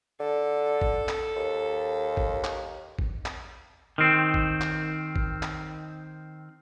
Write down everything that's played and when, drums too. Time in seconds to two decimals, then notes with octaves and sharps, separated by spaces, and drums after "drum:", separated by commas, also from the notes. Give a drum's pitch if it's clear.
0.20 D3 A4
0.82 drum: kick G#1
1.09 drum: clap
1.36 D#2
2.17 drum: kick G#1
2.44 drum: clap
2.99 drum: kick G#1
3.26 drum: clap
3.98 D#3 C4
4.34 drum: kick G#1
4.61 drum: clap
5.16 drum: kick G#1
5.43 drum: clap